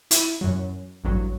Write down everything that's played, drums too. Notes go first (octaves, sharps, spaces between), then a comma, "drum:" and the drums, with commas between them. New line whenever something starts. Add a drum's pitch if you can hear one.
E4, drum: hi-hat
F#2 F#3
A1 G2 F#3